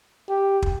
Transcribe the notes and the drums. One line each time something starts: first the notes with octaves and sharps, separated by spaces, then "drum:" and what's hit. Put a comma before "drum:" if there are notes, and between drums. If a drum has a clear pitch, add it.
G4
drum: kick